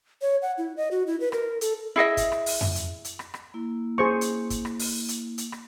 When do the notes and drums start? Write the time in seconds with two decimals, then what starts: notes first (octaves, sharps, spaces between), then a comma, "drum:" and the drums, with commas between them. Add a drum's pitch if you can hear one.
0.22 C#5
0.42 F#5
0.58 E4
0.77 D#5
0.91 F#4
1.07 E4
1.20 B4
1.32 A#4, drum: rim click
1.61 A4, drum: hi-hat
1.96 E4 G#4 D#5 E5
2.17 drum: kick, hi-hat
2.32 drum: rim click
2.46 drum: open hi-hat
2.61 drum: tom F2
2.75 drum: hi-hat
3.05 drum: hi-hat
3.19 drum: rim click
3.34 drum: rim click
3.54 A#3 E4
3.98 G#4 C5 C#6
4.21 drum: hi-hat
4.50 drum: kick, hi-hat
4.65 drum: rim click
4.79 drum: open hi-hat
5.09 drum: hi-hat
5.38 drum: hi-hat
5.52 drum: rim click